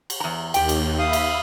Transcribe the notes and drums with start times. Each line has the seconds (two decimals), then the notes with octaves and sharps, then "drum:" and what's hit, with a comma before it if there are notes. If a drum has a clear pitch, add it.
0.10 drum: cymbal
0.20 E2 A#5
0.54 D#2 G4 G5, drum: cymbal
0.69 drum: cymbal
0.99 E5 F5 B5 D#6
1.13 drum: cymbal